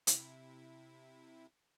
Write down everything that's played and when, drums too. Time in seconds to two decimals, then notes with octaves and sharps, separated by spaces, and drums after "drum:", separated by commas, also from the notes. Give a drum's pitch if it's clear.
0.07 C3 E4, drum: hi-hat